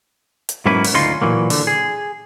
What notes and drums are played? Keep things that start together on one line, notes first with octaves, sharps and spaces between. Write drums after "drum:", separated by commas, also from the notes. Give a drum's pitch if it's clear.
drum: hi-hat
G#2 F#3 A#3 C#4 E4 B4
drum: open hi-hat
D2 C#3 C#4 D#4 F4 C6
A#2 C#3 E3 F#3 A#3
D3, drum: open hi-hat
G#4